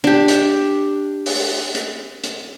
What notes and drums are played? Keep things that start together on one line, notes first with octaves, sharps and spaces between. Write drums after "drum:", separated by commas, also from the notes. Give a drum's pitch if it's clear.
D4 G4
drum: hi-hat
drum: open hi-hat
drum: hi-hat
drum: hi-hat